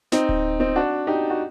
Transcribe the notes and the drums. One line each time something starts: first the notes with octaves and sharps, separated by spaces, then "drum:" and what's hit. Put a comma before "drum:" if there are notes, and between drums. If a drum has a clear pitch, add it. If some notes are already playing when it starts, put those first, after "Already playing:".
C4 D#4, drum: snare
drum: kick D1
C4 D#4
D4 F#4
D#4 G4
F#4